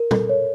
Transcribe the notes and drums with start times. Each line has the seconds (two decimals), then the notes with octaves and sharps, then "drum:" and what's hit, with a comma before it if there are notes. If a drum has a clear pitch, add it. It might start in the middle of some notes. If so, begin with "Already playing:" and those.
Already playing: A#4
0.11 A4, drum: tom
0.29 C#5